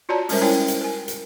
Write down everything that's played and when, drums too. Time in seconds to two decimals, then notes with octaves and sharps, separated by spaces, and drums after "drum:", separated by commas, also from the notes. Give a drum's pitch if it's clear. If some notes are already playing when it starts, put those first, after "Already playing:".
0.09 F4 F#4 C#5 D5 A5 A#5
0.29 G3 G#3 C#4 A#4 C5 E5, drum: open hi-hat
0.42 C#4 E4 A#4 C#5 G5 G#5
0.68 drum: hi-hat
0.81 A#4 G#5
1.08 drum: hi-hat